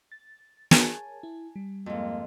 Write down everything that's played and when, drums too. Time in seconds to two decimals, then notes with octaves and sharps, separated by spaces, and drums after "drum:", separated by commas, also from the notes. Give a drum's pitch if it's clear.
0.12 A6
0.71 G#4 A#4 C#5 G#5 A5, drum: snare
1.23 E4
1.56 G3
1.86 F2 G#2 A#3